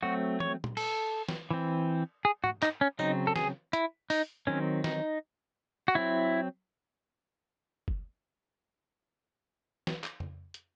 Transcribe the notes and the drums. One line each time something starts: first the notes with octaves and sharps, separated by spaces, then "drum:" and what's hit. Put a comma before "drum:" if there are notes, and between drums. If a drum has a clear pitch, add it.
F#3 A3 C4 F#4
C#5, drum: tom E3
drum: tom A#2
A4, drum: cymbal
drum: snare
E3 C4
G#4
F#4, drum: tom
D#4, drum: clap
C#4
C#3 F#3 C4 D#4, drum: tambourine
A4
G#4, drum: snare
E4, drum: hi-hat
D#4, drum: open hi-hat
D#3 F#3 C4 C#4
D#4, drum: snare
F#4
F#3 C4 E4
drum: kick F#1
drum: snare
drum: clap
drum: tom F2
drum: hi-hat